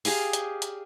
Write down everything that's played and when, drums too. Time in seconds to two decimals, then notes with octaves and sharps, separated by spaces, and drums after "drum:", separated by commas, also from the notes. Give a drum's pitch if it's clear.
0.05 G4 G#4 D5 F5, drum: open hi-hat
0.33 drum: hi-hat
0.62 drum: hi-hat